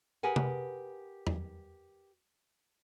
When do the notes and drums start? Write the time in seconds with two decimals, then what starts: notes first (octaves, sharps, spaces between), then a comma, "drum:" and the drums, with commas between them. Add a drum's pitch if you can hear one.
0.23 G4 G#4 A#4 B4 F#5 G#5
0.36 drum: tom C3
1.27 drum: tom E2